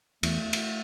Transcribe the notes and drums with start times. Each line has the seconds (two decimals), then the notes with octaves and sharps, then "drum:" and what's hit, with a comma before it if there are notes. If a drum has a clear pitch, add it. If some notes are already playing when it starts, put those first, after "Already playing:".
0.23 E2 A3, drum: cymbal
0.53 drum: cymbal